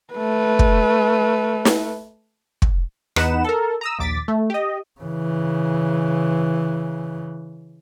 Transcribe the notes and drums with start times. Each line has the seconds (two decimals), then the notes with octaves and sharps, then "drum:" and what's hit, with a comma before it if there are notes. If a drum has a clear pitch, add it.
0.13 A3 B4
0.59 drum: kick
1.65 drum: snare
2.62 drum: kick
3.16 E2 B3 D#4 B4 F#5 E7, drum: rim click
3.44 A4 A#4
3.81 A#5 D#6 E6
3.99 A#1 D#2 D6 A6 B6
4.28 A3
4.50 G4 D#5
5.01 C#3 E3